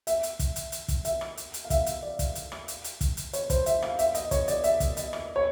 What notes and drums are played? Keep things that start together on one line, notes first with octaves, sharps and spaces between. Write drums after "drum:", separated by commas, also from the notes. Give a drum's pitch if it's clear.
E5, drum: hi-hat
drum: hi-hat
drum: kick, hi-hat
drum: hi-hat
drum: hi-hat
drum: kick, hi-hat
E5, drum: hi-hat
drum: rim click
drum: hi-hat
drum: hi-hat
F5
E5, drum: kick, hi-hat
drum: hi-hat
D5
drum: kick, hi-hat
drum: hi-hat
drum: rim click
drum: hi-hat
drum: hi-hat
drum: kick, hi-hat
drum: hi-hat
C#5, drum: hi-hat
C5, drum: kick, hi-hat
E5, drum: hi-hat
F5, drum: rim click
E5, drum: hi-hat
D#5, drum: hi-hat
C#5, drum: kick, hi-hat
D5, drum: hi-hat
E5, drum: hi-hat
drum: kick, hi-hat
D#5, drum: hi-hat
drum: rim click
C#5